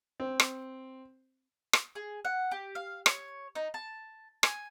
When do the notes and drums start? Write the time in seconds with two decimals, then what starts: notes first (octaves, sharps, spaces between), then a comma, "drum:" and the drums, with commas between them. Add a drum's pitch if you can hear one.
0.20 C4
0.40 drum: rim click
1.73 drum: rim click
1.95 G#4
2.25 F#5
2.51 G4
2.75 F5
3.06 C#5, drum: rim click
3.55 D#4
3.74 A5
4.43 G#5, drum: rim click